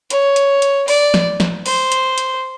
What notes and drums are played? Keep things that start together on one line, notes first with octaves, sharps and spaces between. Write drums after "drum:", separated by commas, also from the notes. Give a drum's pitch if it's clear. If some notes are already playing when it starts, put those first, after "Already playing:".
C#5, drum: hi-hat
drum: hi-hat
drum: hi-hat
D5, drum: open hi-hat
drum: snare
drum: snare
C5, drum: open hi-hat
drum: hi-hat
drum: hi-hat